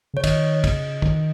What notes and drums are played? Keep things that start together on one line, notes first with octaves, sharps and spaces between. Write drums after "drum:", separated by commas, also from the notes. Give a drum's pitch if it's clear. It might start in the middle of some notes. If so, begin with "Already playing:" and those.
C#3 C#5
D#3 D#5, drum: kick, cymbal
C#3, drum: kick, cymbal
D#3, drum: kick